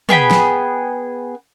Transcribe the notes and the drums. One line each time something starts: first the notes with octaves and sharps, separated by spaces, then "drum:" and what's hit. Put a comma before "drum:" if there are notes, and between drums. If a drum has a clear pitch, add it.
B3 G#4 G5 B5, drum: tom
drum: snare